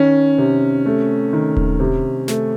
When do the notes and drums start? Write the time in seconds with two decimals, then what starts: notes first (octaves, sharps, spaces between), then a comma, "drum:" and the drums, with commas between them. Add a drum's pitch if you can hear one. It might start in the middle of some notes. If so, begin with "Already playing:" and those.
Already playing: D#3 C#4
0.38 C3
0.86 A3
1.33 D#3
1.57 drum: kick D#1
1.80 C3
2.28 A3, drum: snare